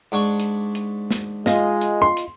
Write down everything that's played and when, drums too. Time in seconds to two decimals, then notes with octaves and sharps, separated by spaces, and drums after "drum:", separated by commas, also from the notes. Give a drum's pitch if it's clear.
0.12 G#2 D4 C#6
0.40 drum: hi-hat
0.75 drum: hi-hat
1.11 drum: snare
1.46 G#3 F4 D#5, drum: snare
1.81 drum: hi-hat
2.02 C6
2.17 drum: hi-hat